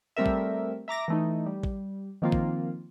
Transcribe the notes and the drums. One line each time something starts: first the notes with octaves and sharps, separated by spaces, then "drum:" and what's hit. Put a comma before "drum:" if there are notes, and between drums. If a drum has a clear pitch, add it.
G3 A3 C4 A#4 E5
drum: kick
E5 A#5 D6 A#6
E3 A3 D#4
G3
drum: kick
D#3 F3 A#3 C4 F4
drum: kick